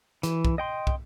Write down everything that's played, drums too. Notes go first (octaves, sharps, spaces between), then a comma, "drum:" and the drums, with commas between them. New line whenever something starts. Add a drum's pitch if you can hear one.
E3, drum: hi-hat
drum: kick
D#5 G5 C6
drum: kick